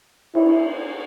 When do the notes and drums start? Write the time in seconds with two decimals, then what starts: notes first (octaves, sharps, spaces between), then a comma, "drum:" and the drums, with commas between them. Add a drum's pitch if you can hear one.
0.35 E4, drum: cymbal